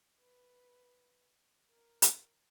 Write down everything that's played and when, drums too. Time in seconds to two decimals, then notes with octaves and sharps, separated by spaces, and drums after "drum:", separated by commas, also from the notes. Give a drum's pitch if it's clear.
0.21 B4
1.70 A#4
2.02 drum: hi-hat